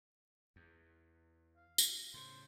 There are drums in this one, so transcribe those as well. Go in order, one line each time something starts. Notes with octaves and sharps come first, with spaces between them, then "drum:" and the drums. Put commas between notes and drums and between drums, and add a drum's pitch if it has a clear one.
E2
F5
drum: tambourine
A2 C#3 C5